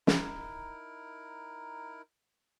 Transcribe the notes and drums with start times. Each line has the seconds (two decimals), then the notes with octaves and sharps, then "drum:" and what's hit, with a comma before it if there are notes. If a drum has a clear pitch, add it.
0.07 D#4 E4 A#4, drum: snare